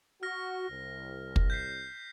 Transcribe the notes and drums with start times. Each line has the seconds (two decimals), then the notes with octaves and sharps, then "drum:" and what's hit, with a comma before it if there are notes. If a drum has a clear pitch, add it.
0.23 F#4 F6 A#6
0.70 C2
1.36 drum: kick
1.50 G6 B6 C7